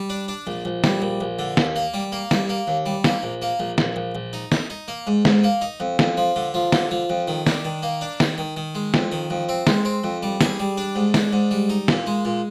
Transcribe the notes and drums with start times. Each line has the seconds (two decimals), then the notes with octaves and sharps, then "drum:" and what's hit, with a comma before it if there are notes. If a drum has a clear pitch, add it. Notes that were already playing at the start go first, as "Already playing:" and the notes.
Already playing: G3
0.10 D4
0.28 D4
0.47 A#1
0.65 A#1
0.84 G3, drum: snare
1.02 A#1
1.21 A#1
1.39 D3
1.57 D#2, drum: snare
1.76 A#3
1.94 G3
2.12 A#3
2.31 G3, drum: snare
2.49 A#3
2.67 D#2
2.86 G3
3.04 A#3, drum: snare
3.23 A#1
3.42 A#3
3.60 A#1
3.78 A#1, drum: snare
3.96 A#1
4.15 A#1
4.33 D#4
4.52 D#4, drum: snare
4.70 D#4
4.88 A#3
5.07 G#2
5.25 G#2, drum: snare
5.44 A#3
5.61 D#4
5.80 F2
5.99 F2, drum: snare
6.17 F3
6.36 D3
6.54 F3
6.72 D3, drum: snare
6.91 F3
7.10 F2
7.28 D#3
7.47 D4, drum: snare
7.65 D#3
7.83 A#3
8.01 D4
8.20 D#3, drum: snare
8.38 D#3
8.56 D#3
8.75 G#3
8.94 F2, drum: snare
9.12 D#3
9.30 F2
9.49 C4
9.67 G#3, drum: snare
9.85 C4
10.04 F2
10.23 G3
10.41 G#4, drum: snare
10.59 G3
10.77 D4
10.95 G#2
11.14 D4, drum: snare
11.33 G#2
11.51 G3
11.70 D#4
11.88 A#2, drum: snare
12.07 G#3
12.25 A#2